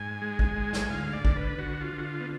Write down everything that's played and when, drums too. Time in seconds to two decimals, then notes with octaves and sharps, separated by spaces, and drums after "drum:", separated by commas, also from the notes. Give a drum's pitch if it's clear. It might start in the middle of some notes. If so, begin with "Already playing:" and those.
Already playing: G#2 G#5
0.22 G#3
0.39 drum: kick
0.56 G#2
0.73 drum: snare
0.90 D2 F5
1.13 D5
1.25 D3, drum: kick
1.36 B4
1.58 D3 F#4
1.81 F4
1.93 D3
1.98 F#4
2.04 F4
2.20 B3